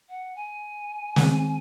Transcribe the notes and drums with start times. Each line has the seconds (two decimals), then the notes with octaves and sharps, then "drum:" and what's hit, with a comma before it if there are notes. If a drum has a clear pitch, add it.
0.09 F#5
0.36 G#5
1.16 D#3 G#3 C4, drum: snare